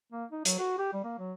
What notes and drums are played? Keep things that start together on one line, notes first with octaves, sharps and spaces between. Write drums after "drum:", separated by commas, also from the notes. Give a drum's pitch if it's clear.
A#3
D#4
F#3, drum: hi-hat
F#4
G4
G3
A#3
F#3